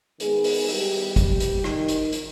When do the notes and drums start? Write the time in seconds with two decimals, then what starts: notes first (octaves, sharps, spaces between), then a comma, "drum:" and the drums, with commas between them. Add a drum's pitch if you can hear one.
0.20 D#3 G#3 B3 G#4, drum: hi-hat
0.44 drum: open hi-hat
0.68 G3 G4, drum: open hi-hat
1.16 drum: kick, hi-hat
1.40 drum: hi-hat
1.64 D#3 D#4, drum: rim click
1.88 drum: hi-hat
2.12 drum: hi-hat